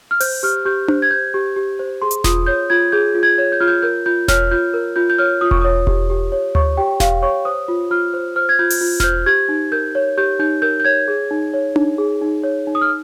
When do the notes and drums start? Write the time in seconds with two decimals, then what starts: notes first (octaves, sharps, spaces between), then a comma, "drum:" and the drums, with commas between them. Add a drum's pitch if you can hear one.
0.11 F6
0.20 C5 G6, drum: open hi-hat
0.43 G4 F6
0.65 G4 G6
0.88 C5, drum: tom D4
1.02 G#6
1.11 C5 G6
1.34 G4
1.56 G4
1.79 C5
2.02 G#4 C6
2.11 drum: hi-hat
2.24 F4 D#6, drum: snare E1
2.47 C#5 G6
2.70 F4 G#6
2.92 G#4 G6
3.14 F4
3.23 G#6
3.38 C#5
3.52 G6
3.60 F4 F6
3.68 G6
3.82 A#4 G6
4.06 F4 G6
4.28 C#5 F6, drum: snare E1
4.51 F4 G6
4.74 A#4
4.96 F4 G6
5.10 G6
5.18 C#5 F6
5.41 F4 D#6
5.51 C#6, drum: kick E1
5.61 C#5 D#6
5.87 G4, drum: kick E1
6.10 G4
6.32 C#5
6.55 C#5 C#6, drum: tom D2
6.77 G4 G5
7.00 G4 F5, drum: snare E1
7.22 C#5 C#6
7.45 C5 D#6
7.68 F4
7.91 F4 F6
8.14 C5
8.36 C5 F6
8.49 G#6
8.59 F4 G6
8.70 drum: open hi-hat
8.81 F4
9.00 F6, drum: snare E1
9.04 C5 G6
9.26 G4 G#6
9.49 D#4
9.72 A#4 G6
9.95 C#5
10.17 G4 G6
10.39 D#4 G6
10.62 A#4 G6
10.80 G6
10.85 C#5 G#6
11.08 G#4
11.31 D#4
11.54 C#5
11.76 D#4, drum: tom D4
11.98 G#4
12.22 D#4
12.44 C#5
12.67 D#4
12.75 D#6
12.81 F6